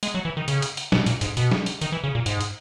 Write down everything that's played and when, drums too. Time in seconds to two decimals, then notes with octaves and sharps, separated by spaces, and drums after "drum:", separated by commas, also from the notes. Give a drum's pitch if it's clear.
0.03 G#3, drum: hi-hat
0.15 F#3
0.25 E3
0.37 D#3
0.48 C#3, drum: hi-hat
0.62 drum: hi-hat
0.77 drum: hi-hat
0.92 B2, drum: snare
1.06 A#2, drum: hi-hat
1.21 G#2, drum: hi-hat
1.37 B2, drum: hi-hat
1.51 drum: snare
1.66 drum: hi-hat
1.81 D#3, drum: hi-hat
1.92 E3
2.04 C#3
2.15 A#2
2.26 G#2, drum: hi-hat
2.41 drum: hi-hat